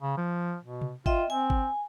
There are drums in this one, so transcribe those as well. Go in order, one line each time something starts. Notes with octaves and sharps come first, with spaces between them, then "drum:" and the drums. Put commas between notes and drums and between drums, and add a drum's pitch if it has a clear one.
C#3
F3
B2
drum: tom C3
F4 D#5 E5 G5, drum: kick
C4 G#5
drum: kick